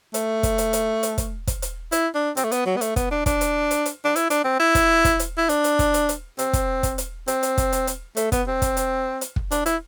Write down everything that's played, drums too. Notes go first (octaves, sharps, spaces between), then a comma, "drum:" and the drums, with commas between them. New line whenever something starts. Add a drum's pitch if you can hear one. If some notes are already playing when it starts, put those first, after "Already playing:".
A3, drum: hi-hat
drum: kick, hi-hat
drum: hi-hat
drum: hi-hat
drum: hi-hat
drum: kick, hi-hat
drum: kick, hi-hat
drum: hi-hat
E4, drum: hi-hat
D4
C4, drum: hi-hat
A3
B3, drum: hi-hat
F#3
B3
A3, drum: hi-hat
B3, drum: kick, hi-hat
D4
D4, drum: kick, hi-hat
drum: hi-hat
drum: hi-hat
drum: hi-hat
D4
E4, drum: hi-hat
D4, drum: hi-hat
C4
E4
drum: kick, hi-hat
drum: kick, hi-hat
drum: hi-hat
E4
D4, drum: hi-hat
drum: hi-hat
drum: kick, hi-hat
drum: hi-hat
drum: hi-hat
C4, drum: hi-hat
drum: kick, hi-hat
drum: kick, hi-hat
drum: hi-hat
C4, drum: hi-hat
drum: hi-hat
drum: kick, hi-hat
drum: hi-hat
drum: hi-hat
A3, drum: hi-hat
B3, drum: kick, hi-hat
C4
drum: kick, hi-hat
drum: hi-hat
drum: hi-hat
drum: kick
D4, drum: hi-hat
E4, drum: hi-hat